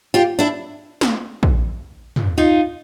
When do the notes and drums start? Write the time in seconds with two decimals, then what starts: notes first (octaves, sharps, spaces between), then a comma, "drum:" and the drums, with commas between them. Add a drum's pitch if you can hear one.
0.14 F4 G4
0.39 D4 E4
1.01 drum: snare
1.43 drum: kick
2.16 drum: tom
2.38 D#4 F4